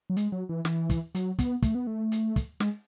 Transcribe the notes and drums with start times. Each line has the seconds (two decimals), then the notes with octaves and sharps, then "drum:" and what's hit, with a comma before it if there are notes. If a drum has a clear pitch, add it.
0.10 F#3
0.17 G#3, drum: hi-hat
0.32 F#3
0.49 E3
0.65 E3, drum: snare
0.90 drum: kick, hi-hat
1.15 F#3, drum: hi-hat
1.39 B3, drum: kick, hi-hat
1.62 A3, drum: kick, hi-hat
1.75 B3
1.87 A3
2.12 drum: hi-hat
2.36 drum: kick, hi-hat
2.60 G#3, drum: snare